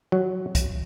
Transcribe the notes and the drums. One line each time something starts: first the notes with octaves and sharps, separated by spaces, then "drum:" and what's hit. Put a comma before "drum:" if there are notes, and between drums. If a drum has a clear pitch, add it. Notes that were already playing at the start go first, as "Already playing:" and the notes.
F#3
drum: kick, hi-hat